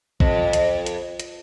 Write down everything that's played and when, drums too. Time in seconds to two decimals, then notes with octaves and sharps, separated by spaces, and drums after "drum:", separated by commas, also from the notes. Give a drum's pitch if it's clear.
0.20 F2, drum: kick A#1
0.53 drum: hi-hat
0.86 drum: hi-hat
1.20 drum: hi-hat